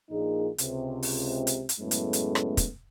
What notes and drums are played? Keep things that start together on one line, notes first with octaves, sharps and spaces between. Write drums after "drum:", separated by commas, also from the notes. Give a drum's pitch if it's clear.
A#1 A#2 A#3 D#4 G#4
C#2 C3, drum: hi-hat
drum: open hi-hat
drum: hi-hat
drum: hi-hat
F#2 A2 C#3 G#3 A3 B3
drum: hi-hat
drum: hi-hat
drum: rim click
drum: kick, hi-hat